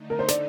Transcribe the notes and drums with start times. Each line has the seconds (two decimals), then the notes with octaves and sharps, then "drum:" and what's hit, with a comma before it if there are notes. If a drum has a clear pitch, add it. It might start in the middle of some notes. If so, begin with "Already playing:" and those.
Already playing: D3 A3 D#4
0.10 A#4
0.19 C5
0.28 D5, drum: snare